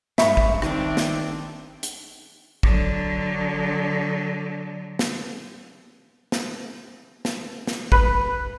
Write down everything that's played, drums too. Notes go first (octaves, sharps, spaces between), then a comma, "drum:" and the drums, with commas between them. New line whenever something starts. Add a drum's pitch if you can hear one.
G2 G#3 E5 B5 C#6 B6, drum: snare
drum: kick
D#3 C4 D4, drum: rim click
drum: snare
drum: hi-hat
D3 F#3, drum: kick
drum: snare
drum: snare
drum: snare
drum: snare
B4, drum: kick